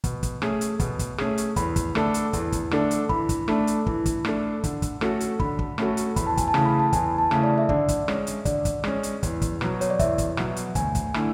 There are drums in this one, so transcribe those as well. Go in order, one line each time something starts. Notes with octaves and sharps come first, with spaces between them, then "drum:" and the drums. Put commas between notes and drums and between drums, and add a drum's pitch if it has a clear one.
B2, drum: kick, hi-hat
drum: kick, hi-hat
A3 C#4 G#4, drum: rim click
drum: hi-hat
B2, drum: kick, hi-hat
drum: kick, hi-hat
A3 C#4 G#4, drum: rim click
drum: hi-hat
E2 B5, drum: kick, hi-hat
drum: kick, hi-hat
D3 A3 D4 A4, drum: rim click
drum: hi-hat
E2, drum: kick, hi-hat
drum: kick, hi-hat
D3 A3 D4 A4, drum: rim click
drum: hi-hat
E3 B5, drum: kick
drum: kick, hi-hat
A3 D4 A4, drum: rim click
drum: hi-hat
E3, drum: kick
drum: kick, hi-hat
A3 D4 A4, drum: rim click
D3, drum: kick, hi-hat
drum: kick, hi-hat
A3 C#4 F#4 A4, drum: rim click
drum: hi-hat
D3 B5, drum: kick
drum: kick
A3 C#4 F#4 A4, drum: rim click
drum: hi-hat
E2 B5, drum: kick, hi-hat
A5
G#5, drum: kick, hi-hat
A5
C#3 E3 A3, drum: rim click
B5
A5
E2 G#5, drum: kick, hi-hat
A5
C#3 E3 A3, drum: rim click
D5
E5
D3 D5, drum: kick
drum: kick, hi-hat
G#3 C#4, drum: rim click
drum: hi-hat
D3 D5, drum: kick, hi-hat
drum: kick, hi-hat
G#3 C#4, drum: rim click
drum: hi-hat
E2, drum: kick, hi-hat
drum: kick, hi-hat
B2 F#3, drum: rim click
C#5, drum: hi-hat
D5
E2 E5, drum: kick, hi-hat
drum: kick, hi-hat
B2 F#3, drum: rim click
drum: hi-hat
D2 G#5, drum: kick, hi-hat
drum: kick, hi-hat
D3 A3 E4, drum: rim click